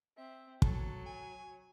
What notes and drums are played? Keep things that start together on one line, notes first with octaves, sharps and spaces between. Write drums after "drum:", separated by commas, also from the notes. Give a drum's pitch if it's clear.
C4 E5
F#3 A4, drum: kick
G#5